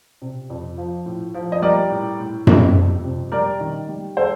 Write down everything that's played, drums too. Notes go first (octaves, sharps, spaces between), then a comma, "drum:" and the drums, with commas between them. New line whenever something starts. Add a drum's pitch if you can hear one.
C3
F2
F3
A2
F3
D#5
G3 A#4 D5
A2
A2
C3, drum: tom F#2
F2
C3
G3 A#4 D5
D#3
G3
A4 C5